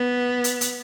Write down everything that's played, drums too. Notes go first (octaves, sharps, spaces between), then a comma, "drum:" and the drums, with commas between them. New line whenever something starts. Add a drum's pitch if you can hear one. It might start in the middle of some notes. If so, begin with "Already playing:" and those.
Already playing: B3
drum: hi-hat
drum: hi-hat